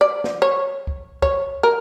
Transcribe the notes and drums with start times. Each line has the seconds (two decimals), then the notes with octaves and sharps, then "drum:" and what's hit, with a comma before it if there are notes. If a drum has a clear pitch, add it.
0.01 D5
0.24 drum: snare
0.42 C#5
0.87 drum: kick C#2
1.22 C#5, drum: kick C#2
1.63 A#4